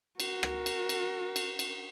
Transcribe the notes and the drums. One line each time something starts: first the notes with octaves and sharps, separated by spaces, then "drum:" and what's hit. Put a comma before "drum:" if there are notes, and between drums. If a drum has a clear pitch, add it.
F#4 A#4, drum: cymbal
drum: rim click
drum: cymbal
drum: cymbal
drum: cymbal
drum: cymbal